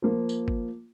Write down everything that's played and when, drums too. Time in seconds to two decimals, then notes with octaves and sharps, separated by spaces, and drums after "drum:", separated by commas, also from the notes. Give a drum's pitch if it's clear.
0.02 F3 A#3 F4
0.29 drum: tambourine
0.48 drum: kick